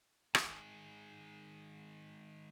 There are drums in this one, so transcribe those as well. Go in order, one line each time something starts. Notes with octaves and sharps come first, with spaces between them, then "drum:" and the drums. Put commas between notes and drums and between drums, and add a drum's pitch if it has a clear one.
D#3 G#3, drum: rim click